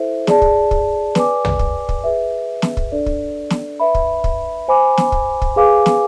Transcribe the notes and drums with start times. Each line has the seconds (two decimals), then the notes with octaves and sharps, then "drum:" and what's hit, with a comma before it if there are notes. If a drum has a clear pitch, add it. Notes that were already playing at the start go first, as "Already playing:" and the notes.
Already playing: E4 A4 C5 E5
0.27 G#4 D5 A5, drum: snare
0.42 drum: kick
0.71 drum: kick
1.15 B4 D5 G#5 D6, drum: snare
1.45 drum: tom
1.59 drum: kick
1.89 drum: kick
2.04 G#4 B4 E5
2.62 drum: snare
2.77 drum: kick
2.92 D4 A4 D5
3.06 drum: kick
3.50 drum: snare
3.80 B4 E5 B5
3.95 drum: kick
4.24 drum: kick
4.68 C5 G#5 B5 D6
4.97 drum: snare
5.12 drum: kick
5.42 drum: kick
5.56 G#4 B4 F5 G#5 D6
5.86 drum: snare